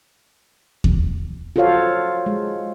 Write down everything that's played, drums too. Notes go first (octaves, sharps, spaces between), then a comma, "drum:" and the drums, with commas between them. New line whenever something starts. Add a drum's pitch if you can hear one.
drum: kick D#2
F4 F#4 A4 C5 C#5 F5
G#3